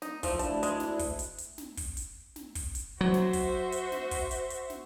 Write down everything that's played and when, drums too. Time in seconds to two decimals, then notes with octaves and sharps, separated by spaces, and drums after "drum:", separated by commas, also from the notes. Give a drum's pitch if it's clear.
0.02 D#4, drum: snare
0.23 F3 A3, drum: kick, open hi-hat
0.39 D2 D4 E4 A5, drum: hi-hat
0.63 G#3, drum: hi-hat
0.80 drum: snare
0.99 drum: kick, open hi-hat
1.19 drum: hi-hat
1.38 drum: hi-hat
1.58 drum: snare
1.77 drum: kick, open hi-hat
1.97 drum: hi-hat
2.36 drum: snare
2.55 drum: kick, open hi-hat
2.75 drum: hi-hat
3.01 F#3 F#4 C5 E5
3.14 drum: snare
3.33 drum: kick, open hi-hat
3.72 drum: hi-hat
3.92 drum: snare
4.11 drum: kick, open hi-hat
4.31 drum: hi-hat
4.50 drum: hi-hat
4.70 drum: snare